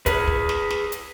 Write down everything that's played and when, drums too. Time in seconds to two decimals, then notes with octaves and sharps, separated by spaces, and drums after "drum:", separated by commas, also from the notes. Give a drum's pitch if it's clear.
0.06 G#4 B4, drum: kick, hi-hat
0.27 drum: kick
0.49 drum: snare
0.70 drum: snare
0.92 drum: hi-hat